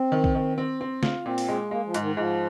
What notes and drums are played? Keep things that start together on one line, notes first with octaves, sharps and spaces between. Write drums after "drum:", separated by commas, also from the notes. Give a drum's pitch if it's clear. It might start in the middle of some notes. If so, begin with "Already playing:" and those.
Already playing: C4
D#3
drum: kick A#1
D#3
C4
C4
F4, drum: snare
A#2 C4
drum: open hi-hat
G#3
G#3 A#3
F3
G#2, drum: hi-hat
D#3
G#2 F3